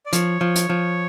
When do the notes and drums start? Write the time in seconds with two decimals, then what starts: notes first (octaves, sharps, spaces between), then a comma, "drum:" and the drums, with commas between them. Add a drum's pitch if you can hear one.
0.06 D5
0.13 F3 C#5, drum: hi-hat
0.41 F3
0.56 drum: hi-hat
0.69 F3